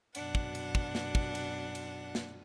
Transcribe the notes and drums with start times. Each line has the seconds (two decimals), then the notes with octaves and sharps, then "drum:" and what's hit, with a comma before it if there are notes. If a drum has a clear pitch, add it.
0.15 F#2 B2 D4 F#5, drum: cymbal
0.35 drum: kick
0.55 drum: cymbal
0.75 drum: kick
0.95 drum: snare
1.15 drum: kick
1.35 drum: cymbal
1.75 drum: cymbal
2.15 drum: snare